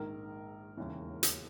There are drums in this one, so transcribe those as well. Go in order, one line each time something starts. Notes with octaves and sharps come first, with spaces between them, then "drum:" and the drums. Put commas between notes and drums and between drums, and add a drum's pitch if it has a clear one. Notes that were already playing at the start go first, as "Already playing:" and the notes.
Already playing: A#1 G#2 D#3 A#4
E1 D#2 C#3 E3
drum: hi-hat